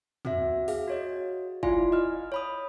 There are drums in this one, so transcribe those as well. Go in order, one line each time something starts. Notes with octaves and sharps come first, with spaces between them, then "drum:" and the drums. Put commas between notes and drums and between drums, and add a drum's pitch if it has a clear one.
C4 F#4 E5, drum: tom
G#4 F5, drum: open hi-hat
F#4 C#5 D#5
E4 F4 D5 F5 G#5 C6, drum: kick
D#5 F6
C#5 B5 D#6